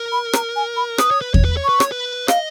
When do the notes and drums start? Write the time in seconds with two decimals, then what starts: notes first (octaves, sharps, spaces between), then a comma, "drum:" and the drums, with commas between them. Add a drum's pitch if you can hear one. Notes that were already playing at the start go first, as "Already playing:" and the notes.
Already playing: A#4
0.12 B5
0.33 A#5, drum: rim click
0.56 G#5
0.77 B5
0.98 B4 D#6, drum: rim click
1.11 C#5
1.21 B4
1.34 C#5, drum: kick E2
1.45 B4
1.57 C#5
1.64 B4 C#6
1.80 C#5, drum: rim click
1.92 B4
2.28 D#5 F5, drum: rim click